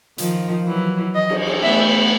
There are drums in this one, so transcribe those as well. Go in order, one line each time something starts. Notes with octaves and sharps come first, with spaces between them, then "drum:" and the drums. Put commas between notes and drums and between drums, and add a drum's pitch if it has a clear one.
D#3 F3, drum: hi-hat
E3 F#3
D#5
drum: cymbal
drum: cymbal
A3 B3 E5